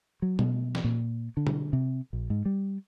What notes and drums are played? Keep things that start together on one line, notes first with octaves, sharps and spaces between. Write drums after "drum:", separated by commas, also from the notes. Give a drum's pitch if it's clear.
F#3
B2, drum: tom
drum: snare
A#2
D3
drum: tom B2
C3
A#1
G#2
G3